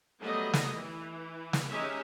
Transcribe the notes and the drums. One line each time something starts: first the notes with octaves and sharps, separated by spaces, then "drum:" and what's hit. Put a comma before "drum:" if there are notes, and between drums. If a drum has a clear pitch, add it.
F#3 G3 A3 B3 D#5
drum: snare
E3
drum: snare
G#3 C#4 D#4 G4 C#5 E5